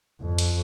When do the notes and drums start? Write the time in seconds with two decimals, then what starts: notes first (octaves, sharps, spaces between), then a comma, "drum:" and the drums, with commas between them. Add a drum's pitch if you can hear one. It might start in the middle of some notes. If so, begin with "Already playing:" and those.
0.22 F2
0.38 drum: cymbal